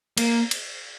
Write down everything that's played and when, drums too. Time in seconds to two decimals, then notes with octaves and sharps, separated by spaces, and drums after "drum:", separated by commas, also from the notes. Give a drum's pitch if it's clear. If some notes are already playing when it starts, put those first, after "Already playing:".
0.17 A#3, drum: cymbal
0.51 drum: cymbal